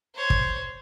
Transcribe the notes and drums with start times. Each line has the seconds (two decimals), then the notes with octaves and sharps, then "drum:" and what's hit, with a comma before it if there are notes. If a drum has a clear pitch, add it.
0.15 C5 C#5
0.30 drum: kick